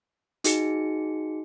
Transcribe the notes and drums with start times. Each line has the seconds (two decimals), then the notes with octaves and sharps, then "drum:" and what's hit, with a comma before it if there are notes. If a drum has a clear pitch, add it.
0.44 D#4 F#4 G#4 C#7, drum: hi-hat